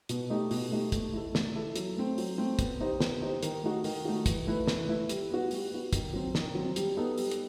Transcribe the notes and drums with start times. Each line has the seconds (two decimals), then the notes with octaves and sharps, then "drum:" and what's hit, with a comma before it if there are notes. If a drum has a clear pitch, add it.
0.09 B2, drum: hi-hat
0.30 A3 D#4 G4 D#5
0.51 B2, drum: open hi-hat
0.72 A3 D#4 G4 D#5
0.92 A3, drum: kick, hi-hat
1.13 E4 A4
1.35 A3, drum: snare
1.55 E4 A4
1.76 F#3, drum: hi-hat
1.97 A3 C4
2.18 F#3, drum: open hi-hat
2.38 A3 C4
2.59 B3, drum: kick, hi-hat
2.80 D#4 G4 C5 D#5
3.00 B3, drum: snare
3.22 D#4 G4 C5 D#5
3.43 D#3, drum: hi-hat
3.63 A3 D#4 F#4
3.84 D#3, drum: open hi-hat
4.05 A3 D#4 F#4
4.26 E3, drum: kick, hi-hat
4.47 A3 E4 B4
4.67 E3, drum: snare
4.89 A3 E4 B4
5.09 G3, drum: hi-hat
5.30 B3 F#4
5.51 G3, drum: open hi-hat
5.72 B3 F#4
5.93 D#3, drum: kick, hi-hat
6.13 F#3 C4
6.35 D#3, drum: snare
6.55 F#3 C4
6.76 G3, drum: hi-hat
6.97 B3 D#4 A4
7.18 G3, drum: open hi-hat
7.31 drum: hi-hat